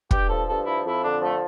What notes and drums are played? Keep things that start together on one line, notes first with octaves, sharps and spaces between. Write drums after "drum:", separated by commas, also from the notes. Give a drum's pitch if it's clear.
G2 G4, drum: kick
F3 A4
G2 A4
F3 E4
F2 E4
D3 D4
F3 A3